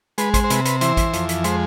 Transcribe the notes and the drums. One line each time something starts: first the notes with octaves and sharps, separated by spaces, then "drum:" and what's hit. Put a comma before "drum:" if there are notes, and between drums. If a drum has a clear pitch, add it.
G#3 B4, drum: hi-hat
C5, drum: kick A1, hi-hat
C5
C3 B4, drum: hi-hat
B4, drum: hi-hat
E3 C5, drum: hi-hat
drum: kick A1, hi-hat
F2, drum: hi-hat
drum: hi-hat
G#3 C5, drum: hi-hat